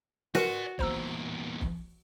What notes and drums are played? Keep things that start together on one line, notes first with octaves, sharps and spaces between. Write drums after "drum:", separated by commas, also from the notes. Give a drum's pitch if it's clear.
F#4 A#4 B4 D5 G#5 C6, drum: snare
E2 A#2 C5 A#5 E6, drum: kick
drum: kick